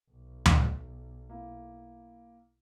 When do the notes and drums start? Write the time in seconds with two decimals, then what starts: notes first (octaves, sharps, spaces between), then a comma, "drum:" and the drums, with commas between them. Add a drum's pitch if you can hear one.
0.11 B1
0.46 drum: tom D2
1.30 A#3 E4